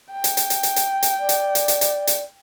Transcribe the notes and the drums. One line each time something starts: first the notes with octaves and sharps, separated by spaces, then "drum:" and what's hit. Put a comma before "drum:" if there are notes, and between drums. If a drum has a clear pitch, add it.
G5
drum: hi-hat
drum: hi-hat
drum: hi-hat
drum: hi-hat
drum: hi-hat
drum: hi-hat
D5
drum: hi-hat
drum: hi-hat
drum: hi-hat
drum: hi-hat
drum: hi-hat